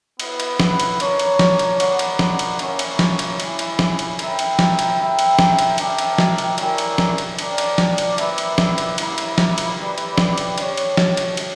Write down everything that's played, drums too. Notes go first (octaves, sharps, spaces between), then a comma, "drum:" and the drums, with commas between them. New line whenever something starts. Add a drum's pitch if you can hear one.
B3 E4 B4, drum: cymbal
drum: cymbal
drum: snare
drum: cymbal
D4 A#4 C#5, drum: cymbal
drum: cymbal
drum: snare
drum: cymbal
B3 F#4 A#4 D5 F#5, drum: cymbal
drum: cymbal
drum: snare
drum: cymbal
A#3 C#4 E4 A#4 C#5, drum: cymbal
drum: cymbal
drum: snare
drum: cymbal
G3 C#4 E4, drum: cymbal
drum: cymbal
drum: snare
drum: cymbal
E4 A#4 E5 G5, drum: cymbal
drum: cymbal
drum: snare
drum: cymbal
E4 A#4 E5 G5
drum: cymbal
drum: snare
drum: cymbal
D4 A#4 E5 G5, drum: cymbal
drum: cymbal
drum: snare
drum: cymbal
C#4 E4 G4 A#4 D5, drum: cymbal
drum: cymbal
drum: snare
drum: cymbal
D4 A#4 D5 G5, drum: cymbal
drum: cymbal
drum: snare
drum: cymbal
G3 A#3 E4 B4 E5, drum: cymbal
drum: cymbal
drum: snare
drum: cymbal
G3 A#3 E4, drum: cymbal
drum: cymbal
drum: snare
drum: cymbal
E4 G4 B4 D5
drum: cymbal
drum: snare
drum: cymbal
D4 G4 C#5, drum: cymbal
drum: cymbal
drum: snare
drum: cymbal
drum: cymbal